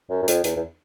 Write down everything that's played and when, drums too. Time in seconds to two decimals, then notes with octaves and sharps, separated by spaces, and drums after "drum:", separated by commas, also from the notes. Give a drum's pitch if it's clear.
0.10 F#2
0.23 F#2
0.28 F2, drum: hi-hat
0.44 E2, drum: hi-hat
0.56 E2